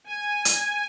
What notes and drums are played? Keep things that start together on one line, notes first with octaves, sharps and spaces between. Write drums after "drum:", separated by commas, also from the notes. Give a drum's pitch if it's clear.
G#5
drum: hi-hat